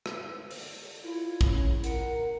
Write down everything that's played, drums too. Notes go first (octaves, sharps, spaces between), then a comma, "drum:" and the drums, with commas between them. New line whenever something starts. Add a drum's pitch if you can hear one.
drum: rim click
drum: open hi-hat
E4 F4
C#3, drum: kick, hi-hat
A#4 F#5, drum: hi-hat